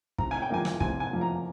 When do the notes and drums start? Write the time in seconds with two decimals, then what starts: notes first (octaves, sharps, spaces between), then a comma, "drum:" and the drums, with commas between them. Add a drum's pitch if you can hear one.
0.18 C3 A#5, drum: kick
0.31 G#5
0.42 G5
0.50 F3 A#3 G#5
0.65 drum: rim click
0.80 C3 G#5, drum: kick
1.00 G#5
1.11 F3 A#3
1.21 A#5